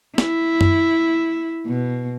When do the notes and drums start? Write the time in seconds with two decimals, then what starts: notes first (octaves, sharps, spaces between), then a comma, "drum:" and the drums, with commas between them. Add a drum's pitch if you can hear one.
0.18 E4, drum: snare
0.61 drum: tom F#2
1.67 B2